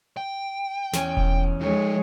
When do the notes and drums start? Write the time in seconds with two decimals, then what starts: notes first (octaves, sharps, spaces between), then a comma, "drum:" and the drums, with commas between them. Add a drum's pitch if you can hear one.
0.17 G5
0.93 E2 C#4 G#5, drum: snare
1.17 drum: kick E1
1.61 F3 G#3 D#4 C#5